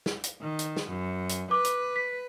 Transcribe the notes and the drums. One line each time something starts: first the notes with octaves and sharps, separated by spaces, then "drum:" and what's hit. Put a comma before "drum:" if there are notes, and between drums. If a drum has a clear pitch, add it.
drum: snare
drum: hi-hat
D#3
drum: hi-hat
drum: snare
F#2
drum: hi-hat
B4 D6
drum: hi-hat
B6